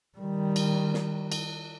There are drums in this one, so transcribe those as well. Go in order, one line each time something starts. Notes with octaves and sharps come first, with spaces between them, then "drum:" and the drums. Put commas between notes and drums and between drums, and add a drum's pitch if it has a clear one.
D#3 G3
drum: cymbal
drum: snare
drum: cymbal